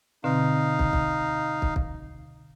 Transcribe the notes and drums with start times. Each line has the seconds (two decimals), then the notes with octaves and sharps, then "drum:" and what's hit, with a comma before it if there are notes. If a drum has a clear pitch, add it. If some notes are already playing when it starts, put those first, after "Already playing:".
0.24 B2 D3 C4 D#4 F5
0.79 drum: kick
0.93 drum: kick
1.62 drum: kick
1.76 drum: kick